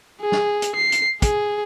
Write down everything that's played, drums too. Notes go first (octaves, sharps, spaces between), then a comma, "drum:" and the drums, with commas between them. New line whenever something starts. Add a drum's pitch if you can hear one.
G#4
drum: snare
drum: hi-hat
C7
drum: hi-hat
G#4, drum: kick, hi-hat